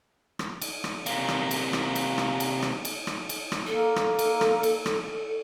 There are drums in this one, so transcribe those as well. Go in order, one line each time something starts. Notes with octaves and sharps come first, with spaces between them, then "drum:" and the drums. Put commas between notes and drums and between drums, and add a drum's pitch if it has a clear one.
drum: rim click
drum: cymbal
drum: rim click
C3 A#3, drum: cymbal
drum: rim click
drum: cymbal
drum: rim click
drum: cymbal
drum: rim click
drum: cymbal
drum: rim click
drum: cymbal
drum: rim click
drum: cymbal
drum: rim click
A#3 A4
drum: rim click
drum: cymbal
drum: rim click
drum: cymbal
drum: rim click